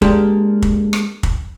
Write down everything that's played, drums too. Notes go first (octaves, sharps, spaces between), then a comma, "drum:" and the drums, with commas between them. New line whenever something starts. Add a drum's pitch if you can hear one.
G#3 A#3 D4 G4 A4, drum: kick
drum: kick
drum: rim click
drum: kick